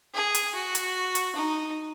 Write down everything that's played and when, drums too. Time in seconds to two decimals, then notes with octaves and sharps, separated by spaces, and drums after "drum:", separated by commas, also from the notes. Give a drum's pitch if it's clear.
0.14 G#4
0.34 drum: hi-hat
0.55 F#4
0.75 drum: hi-hat
1.15 drum: hi-hat
1.35 D#4